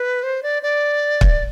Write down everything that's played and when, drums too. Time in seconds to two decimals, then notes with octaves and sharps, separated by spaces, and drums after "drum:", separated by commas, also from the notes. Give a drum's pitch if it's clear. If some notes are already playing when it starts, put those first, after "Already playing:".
Already playing: B4
0.23 C5
0.43 D5
0.63 D5
1.21 drum: kick